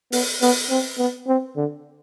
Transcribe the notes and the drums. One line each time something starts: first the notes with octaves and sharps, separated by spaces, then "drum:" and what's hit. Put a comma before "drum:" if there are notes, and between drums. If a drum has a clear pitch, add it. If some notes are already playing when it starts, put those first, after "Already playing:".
B3, drum: open hi-hat
B3, drum: open hi-hat
C4
B3
C4
D3